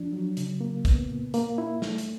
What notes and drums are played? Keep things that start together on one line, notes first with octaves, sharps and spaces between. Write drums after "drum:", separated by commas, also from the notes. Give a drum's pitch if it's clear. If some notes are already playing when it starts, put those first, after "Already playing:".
Already playing: F3 D4
F#3
C#3, drum: hi-hat
A#3
B3, drum: kick, hi-hat
A#2
A#3, drum: hi-hat
E4
A3, drum: snare
drum: hi-hat